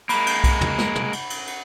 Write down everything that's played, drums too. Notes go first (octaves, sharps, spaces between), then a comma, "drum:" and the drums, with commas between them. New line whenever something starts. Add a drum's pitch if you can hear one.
G#3 A#3 B5, drum: cymbal
drum: cymbal
drum: kick B1, cymbal
drum: tom
drum: snare
drum: tom
drum: cymbal
drum: cymbal
drum: cymbal